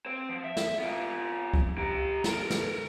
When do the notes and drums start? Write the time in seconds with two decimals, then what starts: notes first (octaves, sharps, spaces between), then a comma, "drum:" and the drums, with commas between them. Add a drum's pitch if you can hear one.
0.06 C4 C5
0.29 F3
0.44 E5
0.57 drum: snare
0.80 B3 F4
1.54 drum: kick C#2
1.78 G4 A#5
2.24 A4 A#4, drum: snare
2.50 drum: snare